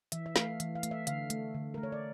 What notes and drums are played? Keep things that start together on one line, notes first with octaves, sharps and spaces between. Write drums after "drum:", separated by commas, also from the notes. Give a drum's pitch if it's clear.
E3 E5, drum: hi-hat
E5
A3 F5, drum: snare
E3, drum: hi-hat
F5
A3, drum: hi-hat
E5
D3 F5, drum: hi-hat
A3, drum: hi-hat
D3
A3 A#4
C#5
D5